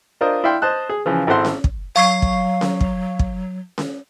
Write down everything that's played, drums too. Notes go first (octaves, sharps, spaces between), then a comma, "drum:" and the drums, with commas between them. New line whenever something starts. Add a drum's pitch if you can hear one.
D4 F4 A#4 C5 D#5
E4 D5 F5 G5 C6
C5 D#5 A5 F#6
G#4
C#3 E3 F3
G#1 E4 A4 C5 F#5 C6
drum: snare C#4
drum: kick
F#3 F5 C#6 C7
drum: kick
drum: snare C#4
drum: kick
drum: kick
drum: snare C#4